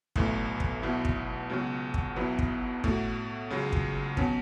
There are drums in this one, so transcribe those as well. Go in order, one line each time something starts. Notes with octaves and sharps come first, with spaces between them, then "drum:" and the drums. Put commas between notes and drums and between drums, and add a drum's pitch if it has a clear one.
B1 A2 E3 A3, drum: kick
drum: kick
B1 B2 B3 E4
drum: kick
C#2 B2 F#3 C#4 F#4
drum: kick
B1 B2 F#3 B3 E4
drum: kick
A2 A3 F#4, drum: kick
C#2 C#3 F#3
drum: kick
B2 F#3 C#4, drum: kick